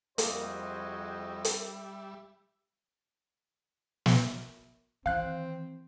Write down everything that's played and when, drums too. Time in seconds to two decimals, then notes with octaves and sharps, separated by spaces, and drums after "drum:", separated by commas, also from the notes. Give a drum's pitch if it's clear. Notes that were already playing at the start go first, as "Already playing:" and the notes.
0.18 F2 G3 A#3 F#4 G#4 C5 D#5 E5, drum: hi-hat
1.45 drum: hi-hat
4.06 drum: snare
5.06 D#3 E3 C4 F5 F#6